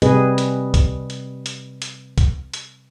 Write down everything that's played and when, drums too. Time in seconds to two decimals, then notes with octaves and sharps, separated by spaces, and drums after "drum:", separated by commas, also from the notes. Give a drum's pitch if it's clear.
0.02 C3 G3 C4 G#4 B4 D#5, drum: hi-hat
0.38 drum: hi-hat
0.74 drum: kick, hi-hat
1.10 drum: hi-hat
1.46 drum: hi-hat
1.82 drum: hi-hat
2.18 drum: kick, hi-hat
2.54 drum: hi-hat